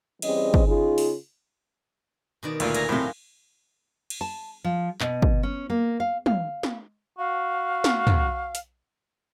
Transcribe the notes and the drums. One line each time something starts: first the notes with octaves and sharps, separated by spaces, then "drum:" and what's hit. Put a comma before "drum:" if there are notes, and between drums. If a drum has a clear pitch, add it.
E3 G3 C4 C#4 G#4 D#5, drum: cymbal
drum: kick
C#3 D#4 F4 G#4
drum: open hi-hat
B2 D#3 D5
D2 A#2, drum: cymbal
A#4 G#5 A#5, drum: cymbal
A2 C3 F#3 F4
drum: cymbal
A5
F3
B2, drum: clap
drum: kick
C#4
A#3
F5
F5, drum: tom
drum: snare
F#4 F5
drum: snare
drum: tom
drum: hi-hat